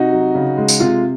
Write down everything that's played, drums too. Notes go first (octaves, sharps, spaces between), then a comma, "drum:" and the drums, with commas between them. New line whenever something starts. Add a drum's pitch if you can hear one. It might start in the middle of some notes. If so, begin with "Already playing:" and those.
Already playing: C3 D#4 F#4
F#3
C#3
G#3
drum: tambourine
C3 F4